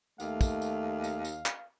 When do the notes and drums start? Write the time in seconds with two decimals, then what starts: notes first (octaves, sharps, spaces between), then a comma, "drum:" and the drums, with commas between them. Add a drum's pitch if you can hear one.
0.20 D#2 A3 F5, drum: tambourine
0.41 drum: kick, tambourine
0.62 drum: tambourine
1.04 drum: tambourine
1.25 drum: tambourine
1.46 drum: clap